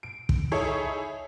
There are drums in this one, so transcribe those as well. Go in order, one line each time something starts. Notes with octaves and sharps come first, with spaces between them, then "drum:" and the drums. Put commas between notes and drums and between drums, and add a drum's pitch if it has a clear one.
D7
drum: kick
D#4 E4 G#4 A4 C#5 E5